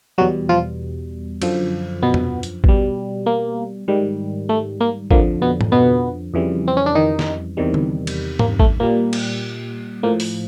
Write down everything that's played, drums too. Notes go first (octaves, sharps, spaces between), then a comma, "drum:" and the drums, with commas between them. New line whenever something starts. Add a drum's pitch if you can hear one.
E2 B2 F#3 G3 F#4
F3 F4
F#2 D3 F3, drum: cymbal
B2 B3
drum: tom
drum: hi-hat
B2 G3, drum: kick A1
A#3
G#2 D#3 G3
A3
A#3
F2 D3 F3 A#3, drum: kick A1
B2 B3
drum: tom G#2
B2 B3
F2 C#3 E3 G3
C4
C#4
D4
D#3 D#4
drum: snare
E2 C3 D#3 G3
drum: tom D3
drum: cymbal
A#3, drum: tom G#2
A3, drum: kick A1
A#2 G3 A#3
drum: cymbal
A2 F3 A#3
drum: open hi-hat